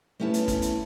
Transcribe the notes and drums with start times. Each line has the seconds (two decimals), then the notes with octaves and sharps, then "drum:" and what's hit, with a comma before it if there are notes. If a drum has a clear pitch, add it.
0.20 A3 B3 C#4 E4 A5
0.34 drum: hi-hat
0.48 drum: kick, hi-hat
0.62 drum: hi-hat